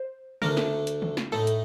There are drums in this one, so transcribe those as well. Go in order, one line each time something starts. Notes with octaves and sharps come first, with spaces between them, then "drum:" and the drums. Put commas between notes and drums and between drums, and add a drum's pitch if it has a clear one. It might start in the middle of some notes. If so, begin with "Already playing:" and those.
Already playing: C5
D2 D3 A3 D4 A#4, drum: tom C#3
drum: snare
drum: hi-hat
drum: tom C#3
drum: snare
A2 A3 D#4 A4
drum: hi-hat